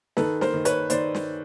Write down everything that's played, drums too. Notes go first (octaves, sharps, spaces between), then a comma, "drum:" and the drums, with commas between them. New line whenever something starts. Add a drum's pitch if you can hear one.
D#3 A4 B4, drum: snare
A#4 C5, drum: snare
D#3
B4 C#5, drum: hi-hat
D#3 C5 D5, drum: hi-hat
drum: snare